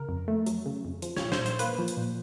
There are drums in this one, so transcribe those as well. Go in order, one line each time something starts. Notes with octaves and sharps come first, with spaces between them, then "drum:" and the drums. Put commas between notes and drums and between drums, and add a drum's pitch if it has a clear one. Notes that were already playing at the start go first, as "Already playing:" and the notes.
Already playing: C#3 A#4
F2
A3
F#3, drum: hi-hat
C#3
F2
F3, drum: hi-hat
C#5, drum: snare
A#2
C5, drum: snare
A#2
C5, drum: hi-hat
A#3 B4, drum: hi-hat
F3
drum: hi-hat
A#2